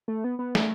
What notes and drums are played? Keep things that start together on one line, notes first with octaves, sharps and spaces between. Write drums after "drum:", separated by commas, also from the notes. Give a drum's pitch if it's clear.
A3
B3
B3
A3, drum: snare